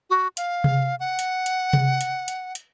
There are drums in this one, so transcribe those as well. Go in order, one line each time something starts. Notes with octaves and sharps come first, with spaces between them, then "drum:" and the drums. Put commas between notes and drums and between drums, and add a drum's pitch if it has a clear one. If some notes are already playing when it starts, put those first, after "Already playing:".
F#4
F5, drum: hi-hat
drum: tom C3
F#5
drum: hi-hat
drum: hi-hat
drum: tom C3
drum: hi-hat
drum: hi-hat
drum: hi-hat